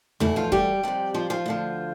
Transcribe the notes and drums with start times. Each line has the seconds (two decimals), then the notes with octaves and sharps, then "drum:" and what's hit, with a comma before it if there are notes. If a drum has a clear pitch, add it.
0.20 E2 B2 E3 A3 E4, drum: tom
0.36 F3 F4
0.52 G3 G4, drum: kick
0.83 F2 C3 G3
1.14 F3 F4
1.30 F3 F4
1.46 D2 D3 F3